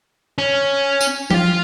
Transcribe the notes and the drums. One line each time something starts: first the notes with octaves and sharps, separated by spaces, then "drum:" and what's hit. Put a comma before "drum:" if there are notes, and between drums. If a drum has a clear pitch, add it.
C#4
drum: tambourine
G4, drum: tom F3
F4